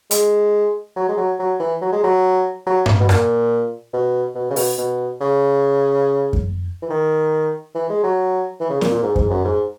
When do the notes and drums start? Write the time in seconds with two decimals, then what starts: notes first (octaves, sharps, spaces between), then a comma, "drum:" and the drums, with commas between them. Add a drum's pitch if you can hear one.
0.11 G#3, drum: hi-hat
0.96 F#3
1.09 G#3
1.17 F#3
1.39 F#3
1.60 E3
1.81 F#3
1.92 G#3
2.03 F#3
2.67 F#3
2.86 drum: tom G2
3.00 B2
3.09 A#2, drum: rim click
3.93 B2
4.35 B2
4.50 C#3
4.56 B2, drum: open hi-hat
4.78 B2
5.21 C#3
6.33 drum: kick F#2
6.82 E3
6.90 D#3
7.75 E3
7.89 G#3
8.03 F#3
8.60 E3
8.70 C#3
8.81 A#2, drum: snare
8.91 A#2
9.03 G#2
9.16 G#2, drum: kick F#2
9.30 F#2
9.45 G#2